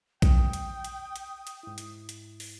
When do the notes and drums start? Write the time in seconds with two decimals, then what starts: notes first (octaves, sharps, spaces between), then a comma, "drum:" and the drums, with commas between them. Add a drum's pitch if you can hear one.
0.22 G5 D#6, drum: kick A#1, hi-hat
0.53 drum: hi-hat
0.84 drum: hi-hat
1.16 drum: hi-hat
1.47 drum: hi-hat
1.63 G#2 E4
1.78 drum: hi-hat
2.09 drum: hi-hat
2.40 drum: open hi-hat